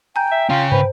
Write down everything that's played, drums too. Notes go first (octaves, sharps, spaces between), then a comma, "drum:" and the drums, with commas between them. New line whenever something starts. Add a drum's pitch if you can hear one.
G5 G#5 A#5 G6
E5
C#3 C#4 F4
B4 C5, drum: tom